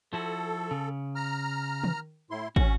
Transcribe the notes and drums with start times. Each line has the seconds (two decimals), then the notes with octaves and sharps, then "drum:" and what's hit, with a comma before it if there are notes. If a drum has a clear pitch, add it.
0.13 F3 E4 F#4 A4
0.71 C#3
1.15 A#5 F6
1.84 drum: tom D#3
2.31 A2 E4 C6
2.56 C#4 F#4, drum: kick